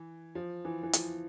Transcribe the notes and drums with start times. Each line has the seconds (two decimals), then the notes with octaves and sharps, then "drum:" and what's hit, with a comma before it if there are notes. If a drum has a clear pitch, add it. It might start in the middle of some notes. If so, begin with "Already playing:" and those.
Already playing: E3
0.35 F3
0.65 E3
0.83 E3
0.93 F3, drum: hi-hat